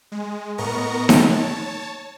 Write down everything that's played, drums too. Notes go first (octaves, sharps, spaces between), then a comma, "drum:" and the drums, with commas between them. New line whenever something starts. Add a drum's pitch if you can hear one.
G#3
A2 B3 A#4 D#5 A#5 C#6
drum: snare D#4
C#5 A5